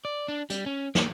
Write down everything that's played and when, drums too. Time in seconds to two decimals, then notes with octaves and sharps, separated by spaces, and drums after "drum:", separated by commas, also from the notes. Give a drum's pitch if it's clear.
0.05 D5
0.28 D4
0.50 G3, drum: hi-hat
0.66 C#4
0.95 A#3, drum: snare